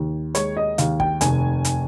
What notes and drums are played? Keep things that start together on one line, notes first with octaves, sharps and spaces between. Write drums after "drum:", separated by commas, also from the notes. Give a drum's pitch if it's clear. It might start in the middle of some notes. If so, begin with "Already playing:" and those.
Already playing: D#2
G#3 C#5, drum: hi-hat
D#5
D#2 F5, drum: hi-hat
G5, drum: kick
F1 G#5, drum: hi-hat
drum: hi-hat